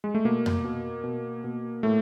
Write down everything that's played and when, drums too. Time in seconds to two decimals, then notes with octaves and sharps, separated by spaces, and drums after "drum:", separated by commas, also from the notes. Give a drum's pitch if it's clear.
0.04 G#3
0.15 A3
0.25 B2 A#3
0.46 drum: tom F2
0.64 B2
1.04 B2
1.44 B2
1.83 A2 A3